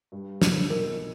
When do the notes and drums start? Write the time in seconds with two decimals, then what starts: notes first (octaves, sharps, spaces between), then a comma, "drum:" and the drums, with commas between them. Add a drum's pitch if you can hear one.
0.12 G2
0.42 D3 F3, drum: snare
0.70 B1 A#4